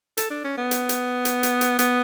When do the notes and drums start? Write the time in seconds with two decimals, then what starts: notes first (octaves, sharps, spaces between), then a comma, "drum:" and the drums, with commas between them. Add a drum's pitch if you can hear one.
0.17 A4, drum: hi-hat
0.30 D4
0.44 C#4
0.58 B3
0.71 drum: hi-hat
0.89 drum: hi-hat
1.25 drum: hi-hat
1.43 drum: hi-hat
1.61 drum: hi-hat
1.79 B3, drum: hi-hat